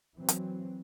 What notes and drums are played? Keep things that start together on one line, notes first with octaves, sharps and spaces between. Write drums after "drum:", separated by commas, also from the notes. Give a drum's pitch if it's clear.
E3 F#3 C4
drum: hi-hat